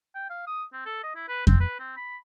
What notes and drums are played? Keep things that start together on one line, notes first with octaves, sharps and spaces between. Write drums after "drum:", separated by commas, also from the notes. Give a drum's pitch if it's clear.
G5
F5
D#6
C4
A4
D#5
E4
B4
C4, drum: kick F2
B4
C4
B5